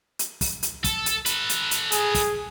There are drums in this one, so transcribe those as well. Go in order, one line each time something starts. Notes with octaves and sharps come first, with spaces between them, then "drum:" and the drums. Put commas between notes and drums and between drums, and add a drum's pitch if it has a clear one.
drum: hi-hat
drum: kick, open hi-hat
drum: hi-hat
A4, drum: kick, hi-hat
drum: hi-hat
A4 B4, drum: hi-hat
drum: hi-hat
drum: hi-hat
G#4, drum: hi-hat
drum: kick, open hi-hat